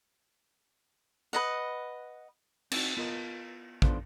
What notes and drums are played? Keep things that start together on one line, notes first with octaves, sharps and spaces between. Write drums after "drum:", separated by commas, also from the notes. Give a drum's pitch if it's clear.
B4 D#5 F#5
C4 D#4 F4 F#4, drum: cymbal
B3 F4 A#4 D#5
D#3 B3 D4 F4 A4 C5, drum: kick